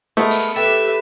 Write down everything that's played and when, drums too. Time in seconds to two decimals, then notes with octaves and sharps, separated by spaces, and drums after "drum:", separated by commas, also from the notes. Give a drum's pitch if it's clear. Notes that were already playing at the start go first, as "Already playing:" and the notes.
0.17 G#3 A3 B3 A#4
0.31 drum: tambourine
0.56 G4 A4 B4 E5